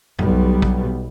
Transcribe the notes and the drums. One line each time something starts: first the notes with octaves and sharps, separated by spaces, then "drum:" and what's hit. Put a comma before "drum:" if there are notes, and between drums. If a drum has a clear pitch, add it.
B1 G3 B3, drum: tom
drum: kick